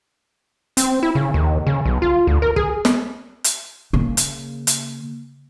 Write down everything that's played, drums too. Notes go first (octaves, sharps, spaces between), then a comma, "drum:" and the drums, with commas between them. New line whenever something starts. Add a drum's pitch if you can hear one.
C4, drum: hi-hat
E4
C#3
D#2
C#3
B1
F4
D2
A#4
G#4, drum: kick
drum: snare
drum: hi-hat
C#3 A#3
drum: hi-hat
drum: hi-hat